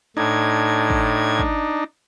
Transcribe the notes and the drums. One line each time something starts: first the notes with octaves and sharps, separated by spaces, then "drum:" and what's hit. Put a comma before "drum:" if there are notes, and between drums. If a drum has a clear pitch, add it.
A2 D4 D#4 G#6
drum: kick
drum: kick